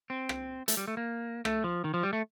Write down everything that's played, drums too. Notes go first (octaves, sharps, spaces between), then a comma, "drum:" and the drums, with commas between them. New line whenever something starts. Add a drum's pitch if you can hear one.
C4
drum: rim click
A3, drum: hi-hat
G3
A3
A#3
A3, drum: rim click
F3
D#3
F3
G3
A3